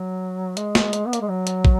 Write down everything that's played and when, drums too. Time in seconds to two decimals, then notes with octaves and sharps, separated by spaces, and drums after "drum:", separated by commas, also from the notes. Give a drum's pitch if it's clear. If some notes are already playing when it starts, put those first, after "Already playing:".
Already playing: F#3
0.57 G#3, drum: hi-hat
0.75 drum: snare
0.93 drum: hi-hat
1.06 B3
1.13 A#3, drum: hi-hat
1.22 G#3
1.29 F#3
1.47 drum: hi-hat
1.65 drum: kick